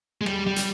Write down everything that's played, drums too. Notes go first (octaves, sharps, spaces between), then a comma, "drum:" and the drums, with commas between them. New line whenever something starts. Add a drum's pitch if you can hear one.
G#3
G3, drum: rim click
G3
drum: hi-hat